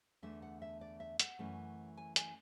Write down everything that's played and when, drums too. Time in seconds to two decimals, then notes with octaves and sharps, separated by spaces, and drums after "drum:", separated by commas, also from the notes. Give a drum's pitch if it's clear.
0.22 E2 D3 A3 D4 E5
0.42 F#5
0.62 E5
0.81 D5
1.00 E5
1.19 F#5, drum: hi-hat
1.39 F#2 E3 A3 C#4
1.97 G#5
2.16 G#5, drum: hi-hat